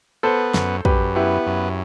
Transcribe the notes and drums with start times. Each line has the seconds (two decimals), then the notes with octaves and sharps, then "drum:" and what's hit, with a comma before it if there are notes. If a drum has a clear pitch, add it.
0.23 B3 A4 C5
0.54 F#2, drum: snare
0.85 F#2 G4 B4, drum: kick
1.16 B3 E4 G4
1.47 F#2